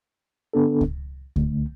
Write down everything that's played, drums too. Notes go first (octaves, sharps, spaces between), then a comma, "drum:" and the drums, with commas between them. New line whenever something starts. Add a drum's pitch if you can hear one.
D3 B3 D4 A4
drum: kick C#2
D2 D3 A3, drum: kick C#2